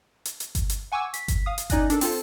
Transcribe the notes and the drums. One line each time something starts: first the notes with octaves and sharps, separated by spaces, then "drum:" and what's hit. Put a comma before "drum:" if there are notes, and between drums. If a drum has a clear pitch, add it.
drum: hi-hat
drum: hi-hat
drum: kick G1, hi-hat
drum: hi-hat
F#5 G#5 C#6 D6 E6
B6, drum: hi-hat
drum: kick G1, hi-hat
F5 D#6
drum: hi-hat
C#4 D#4 D5 G#5 F#6 A#6, drum: kick G1, hi-hat
D4 A4 A#4, drum: hi-hat
C4 F4 A4, drum: open hi-hat